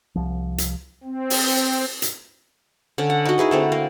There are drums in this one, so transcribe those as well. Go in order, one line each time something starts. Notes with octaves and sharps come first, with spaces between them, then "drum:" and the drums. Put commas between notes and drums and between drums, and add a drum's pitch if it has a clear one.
C2 F3
drum: hi-hat
C4
drum: open hi-hat
drum: hi-hat
D3 C#4
F#5
D#4 F#4
D#4 E4 G#4 B4
D3 A3 C4
A#3